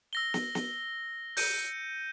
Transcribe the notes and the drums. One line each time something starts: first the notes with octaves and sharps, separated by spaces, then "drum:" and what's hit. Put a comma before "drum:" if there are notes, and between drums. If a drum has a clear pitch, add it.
E6 A#6 G7
drum: snare
drum: snare
G6 C#7 D#7, drum: open hi-hat